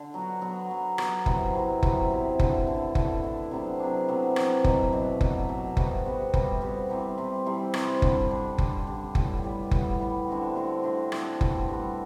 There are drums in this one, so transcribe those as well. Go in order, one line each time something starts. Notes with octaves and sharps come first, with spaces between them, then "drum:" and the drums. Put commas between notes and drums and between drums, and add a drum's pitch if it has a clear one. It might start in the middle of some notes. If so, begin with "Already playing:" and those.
Already playing: D3
F#3 B3 F#4
F#3 B3 F#4
F#3 B3 F#4
F#3 B3 F#4, drum: rim click
C3 F#3 B3 E4, drum: kick F#1
C3 F#3 B3 E4
C3 F#3 B3 E4, drum: kick F#1
C3 F#3 B3 E4
D3 A3 E4 A4, drum: kick F#1
D3 A3 E4 A4
D3 A3 E4 A4, drum: kick F#1
D3 A3 E4 A4
C3 F#3 B3 D4
C3 F#3 B3 D4
C3 F#3 B3 D4
C3 F#3 B3 D4, drum: rim click
B2 F#3 A3, drum: kick F#1
B2 F#3 A3
B2 F#3 A3, drum: kick F#1
B2 F#3 A3
C3 G3 B3 F#4, drum: kick F#1
C3 G3 B3 F#4
C3 G3 B3 F#4, drum: kick F#1
C3 G3 B3 F#4
C3 E3 G3 C4
C3 E3 G3 C4
C3 E3 G3 C4
C3 E3 G3 C4, drum: rim click
D3 G3 D4, drum: kick F#1
D3 G3 D4
D3 G3 D4, drum: kick F#1
D3 G3 D4
A2 G3 B3, drum: kick F#1
A2 G3 B3
A2 G3 B3, drum: kick F#1
A2 G3 B3
D3 A3 C4 F#4
D3 A3 C4 F#4
D3 A3 C4 F#4
D3 A3 C4 F#4, drum: rim click
G3 B3 F#4 A4, drum: kick F#1
G3 B3 F#4 A4